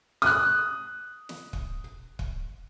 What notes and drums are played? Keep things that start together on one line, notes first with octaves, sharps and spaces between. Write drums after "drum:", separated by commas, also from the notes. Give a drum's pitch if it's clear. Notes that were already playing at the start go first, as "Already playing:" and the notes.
D#6 F#6, drum: snare
drum: snare
drum: kick
drum: kick